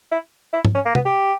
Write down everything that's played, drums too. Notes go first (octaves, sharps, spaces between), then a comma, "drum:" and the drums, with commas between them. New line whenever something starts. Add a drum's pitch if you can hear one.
E4
E4
drum: tom G#2
C#4
A#3
B3, drum: tom
G4